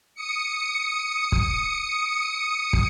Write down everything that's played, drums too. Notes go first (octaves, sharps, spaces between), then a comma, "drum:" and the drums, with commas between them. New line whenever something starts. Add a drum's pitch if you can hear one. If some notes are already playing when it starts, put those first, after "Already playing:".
D#6 C#7
drum: kick
drum: kick